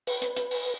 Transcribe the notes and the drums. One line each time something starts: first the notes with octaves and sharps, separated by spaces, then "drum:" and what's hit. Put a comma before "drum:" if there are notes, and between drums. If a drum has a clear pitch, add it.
B4, drum: open hi-hat
drum: hi-hat
drum: hi-hat
drum: open hi-hat